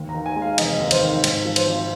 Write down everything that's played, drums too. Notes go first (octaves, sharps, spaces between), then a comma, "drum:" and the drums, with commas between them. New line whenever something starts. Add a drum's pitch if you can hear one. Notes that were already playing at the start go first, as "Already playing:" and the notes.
Already playing: D#2
A#5
D#3
G#5
G#3
F5
F1 D#5, drum: cymbal
D#2
C5, drum: cymbal
D#3
G#2, drum: cymbal
F3
C5, drum: cymbal
G#1